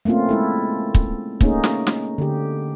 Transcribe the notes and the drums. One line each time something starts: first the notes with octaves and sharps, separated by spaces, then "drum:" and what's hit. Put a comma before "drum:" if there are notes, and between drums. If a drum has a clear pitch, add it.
A3 A#3 C4 C#4 F4
G#3 E4 A4
drum: kick
A3 A#3 C#4 D#4 G#4, drum: kick
drum: snare
drum: snare
D3 G4